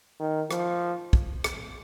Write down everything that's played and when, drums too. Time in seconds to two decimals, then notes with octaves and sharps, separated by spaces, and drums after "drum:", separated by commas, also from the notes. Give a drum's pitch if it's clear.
0.20 D#3
0.51 F3, drum: rim click
1.13 drum: kick
1.44 drum: rim click